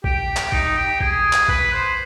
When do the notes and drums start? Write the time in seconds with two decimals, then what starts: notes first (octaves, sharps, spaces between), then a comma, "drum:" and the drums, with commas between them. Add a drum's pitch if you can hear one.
0.04 G4, drum: kick A#1
0.36 drum: clap
0.52 D#4, drum: kick A#1
0.77 G4
1.01 G#4, drum: kick A#1
1.33 drum: clap
1.48 B4, drum: kick A#1
1.74 C5